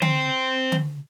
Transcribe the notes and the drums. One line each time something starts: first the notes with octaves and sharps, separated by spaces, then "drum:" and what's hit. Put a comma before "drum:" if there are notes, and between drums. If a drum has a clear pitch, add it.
C5 G5, drum: tom D3
drum: tom D3